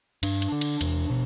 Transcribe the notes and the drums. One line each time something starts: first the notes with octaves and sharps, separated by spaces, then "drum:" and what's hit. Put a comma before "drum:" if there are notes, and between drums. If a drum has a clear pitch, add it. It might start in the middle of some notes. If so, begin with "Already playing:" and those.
G2 D4, drum: cymbal
drum: cymbal
D3
drum: cymbal
E2, drum: cymbal
B2